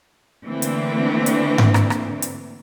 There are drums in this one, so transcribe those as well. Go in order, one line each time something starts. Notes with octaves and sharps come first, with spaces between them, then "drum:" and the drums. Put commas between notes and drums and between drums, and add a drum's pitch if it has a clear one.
D3 E3 A3 A#3 C4 D4
drum: hi-hat
drum: hi-hat
drum: tom G#2
drum: rim click
drum: rim click
drum: hi-hat